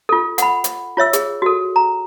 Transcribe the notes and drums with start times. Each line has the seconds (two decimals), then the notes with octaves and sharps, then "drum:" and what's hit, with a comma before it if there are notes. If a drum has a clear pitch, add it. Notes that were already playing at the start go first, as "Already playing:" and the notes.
0.09 F4 A4
0.38 F#5 B5, drum: hi-hat
0.64 drum: hi-hat
0.97 F4 C#5 E5 E6
1.13 G#4, drum: hi-hat
1.42 F#4 A4
1.76 A#5